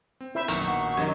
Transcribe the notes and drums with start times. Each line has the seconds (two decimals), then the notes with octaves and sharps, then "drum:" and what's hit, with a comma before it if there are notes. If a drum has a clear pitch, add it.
0.21 C4
0.35 E4 C5 E5 B5
0.48 A#1 F#2 B2 D#3 A#4 C#6, drum: hi-hat
0.67 F#4
0.97 F#2 D#3 F#3 G4 G#6